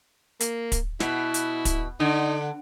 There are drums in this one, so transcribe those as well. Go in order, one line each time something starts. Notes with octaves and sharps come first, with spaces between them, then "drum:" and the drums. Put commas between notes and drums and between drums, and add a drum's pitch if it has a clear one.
A#3, drum: hi-hat
drum: kick, hi-hat
B2 E4, drum: snare
drum: hi-hat
drum: kick, hi-hat
D3 D#4